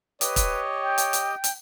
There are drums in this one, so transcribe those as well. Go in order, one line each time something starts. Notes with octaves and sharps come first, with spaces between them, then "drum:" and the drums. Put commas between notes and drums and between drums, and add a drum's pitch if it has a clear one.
G4 B4 C#5 D#5, drum: hi-hat
drum: kick, hi-hat
G5
drum: hi-hat
drum: hi-hat
drum: hi-hat